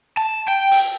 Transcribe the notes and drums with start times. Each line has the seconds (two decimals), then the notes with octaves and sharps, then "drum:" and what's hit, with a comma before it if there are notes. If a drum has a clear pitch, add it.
0.17 A5
0.48 G5
0.71 drum: open hi-hat